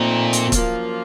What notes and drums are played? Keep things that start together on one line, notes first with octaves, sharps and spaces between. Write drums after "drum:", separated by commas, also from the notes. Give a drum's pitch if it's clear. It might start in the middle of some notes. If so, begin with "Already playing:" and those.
Already playing: A#2 F3 A3 C4 D#4
drum: hi-hat
F#2 F3 A#3 F4, drum: kick C#1, hi-hat